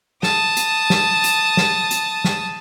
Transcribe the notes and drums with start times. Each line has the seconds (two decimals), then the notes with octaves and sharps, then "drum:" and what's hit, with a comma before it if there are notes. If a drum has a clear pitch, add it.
0.23 A5 D#6, drum: snare
0.57 drum: hi-hat
0.90 drum: snare
1.24 drum: hi-hat
1.57 drum: snare
1.91 drum: hi-hat
2.24 drum: snare